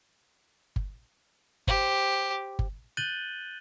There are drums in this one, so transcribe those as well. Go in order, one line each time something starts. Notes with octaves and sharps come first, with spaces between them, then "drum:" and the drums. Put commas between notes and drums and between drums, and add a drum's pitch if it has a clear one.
drum: kick G1
G4 C5, drum: kick G1
drum: kick G1
F#6 G6 A6 D#7 F#7 G7